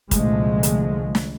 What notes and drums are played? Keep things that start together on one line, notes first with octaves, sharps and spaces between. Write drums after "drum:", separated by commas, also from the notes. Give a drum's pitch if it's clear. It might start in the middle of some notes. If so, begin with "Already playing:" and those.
C2 A#2 D3 F3 G#3 A3, drum: kick, hi-hat
drum: hi-hat
drum: snare